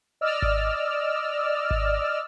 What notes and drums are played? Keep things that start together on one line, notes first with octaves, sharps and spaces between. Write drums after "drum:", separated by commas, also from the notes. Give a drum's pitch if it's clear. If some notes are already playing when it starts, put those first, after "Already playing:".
D5 D#5 E6 F6
drum: kick G#1
drum: kick G#1